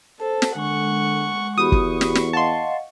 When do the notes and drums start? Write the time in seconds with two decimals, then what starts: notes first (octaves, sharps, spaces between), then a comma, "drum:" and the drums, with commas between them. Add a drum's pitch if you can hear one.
0.20 A4 C5 A5
0.42 drum: snare
0.56 D3 G#3 F#5 C#6
1.58 E2 F#4 G4 B5 C#6 D#6
1.72 drum: kick
2.01 drum: snare
2.15 drum: snare
2.33 D#5 F5 F#5 A5 C6